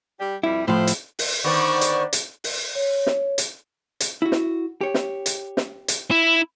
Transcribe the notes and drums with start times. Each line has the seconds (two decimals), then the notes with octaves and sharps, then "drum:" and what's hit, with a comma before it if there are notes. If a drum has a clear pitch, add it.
0.20 G3 G4
0.43 F2 B2 G3 E4
0.68 A2 F3 E4 F4 C5
0.87 drum: hi-hat
1.19 drum: open hi-hat
1.44 D3 D#3 B3 C5 D5 C#6
1.81 drum: hi-hat
2.13 drum: hi-hat
2.44 drum: open hi-hat
2.75 C#5
3.07 drum: snare
3.38 drum: hi-hat
4.00 drum: hi-hat
4.22 E4 F#4
4.32 drum: snare
4.81 G4 C#5
4.94 drum: snare
5.26 drum: hi-hat
5.57 drum: snare
5.88 drum: hi-hat
6.11 E4